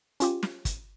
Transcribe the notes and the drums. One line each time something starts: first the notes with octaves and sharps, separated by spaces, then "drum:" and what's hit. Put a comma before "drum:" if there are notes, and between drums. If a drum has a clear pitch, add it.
C#4 F4 G4, drum: hi-hat
drum: snare
drum: kick, hi-hat